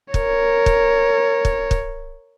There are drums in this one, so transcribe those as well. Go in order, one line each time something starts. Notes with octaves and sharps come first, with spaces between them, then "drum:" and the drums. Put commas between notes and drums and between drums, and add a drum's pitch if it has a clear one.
A#4 C#5, drum: kick
drum: kick
drum: kick
drum: kick